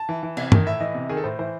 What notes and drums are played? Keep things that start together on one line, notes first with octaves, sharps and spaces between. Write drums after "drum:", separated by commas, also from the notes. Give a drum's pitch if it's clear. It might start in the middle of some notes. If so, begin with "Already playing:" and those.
Already playing: A5
E3
E3
C3, drum: cymbal
D#3, drum: tom G2
A2 E5
E3 D#5
C3
D#3 G#4
A4
A2 C5
E3 C5